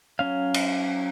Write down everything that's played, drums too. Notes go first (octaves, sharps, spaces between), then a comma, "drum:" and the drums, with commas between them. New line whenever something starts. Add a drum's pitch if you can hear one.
F#3 C#4 F5
drum: cymbal